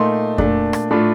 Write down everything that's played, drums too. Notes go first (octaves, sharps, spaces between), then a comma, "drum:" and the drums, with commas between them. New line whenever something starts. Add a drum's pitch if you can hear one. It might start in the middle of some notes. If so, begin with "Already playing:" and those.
Already playing: A#2 A3 D#4 C6
A#2 A3 D4, drum: kick F2
drum: rim click
A2 A3 D4 F4